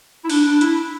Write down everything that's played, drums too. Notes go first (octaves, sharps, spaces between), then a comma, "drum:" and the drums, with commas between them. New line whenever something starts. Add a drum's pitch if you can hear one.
E4
D4, drum: open hi-hat
D4
E4, drum: hi-hat